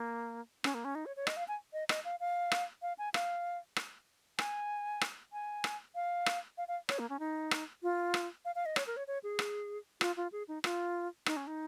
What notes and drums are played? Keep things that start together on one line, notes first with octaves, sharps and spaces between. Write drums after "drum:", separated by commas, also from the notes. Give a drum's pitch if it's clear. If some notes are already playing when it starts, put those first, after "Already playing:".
Already playing: A#3
C#4, drum: rim click
A#3
C#4
D#4
C#5
C#5
D#5, drum: rim click
F5
G#5
D#5
D#5, drum: rim click
F5
F5
drum: rim click
F5
G#5
F5, drum: rim click
drum: rim click
G#5, drum: rim click
drum: rim click
G#5
drum: rim click
F5
drum: rim click
F5
F5
C#5, drum: rim click
A#3
C#4
D#4
drum: rim click
F4
drum: rim click
F5
F5
D#5
C#5, drum: rim click
A#4
C#5
C#5
G#4
drum: rim click
F4, drum: rim click
F4
G#4
D#4
F4, drum: rim click
D#4, drum: rim click
C#4
D#4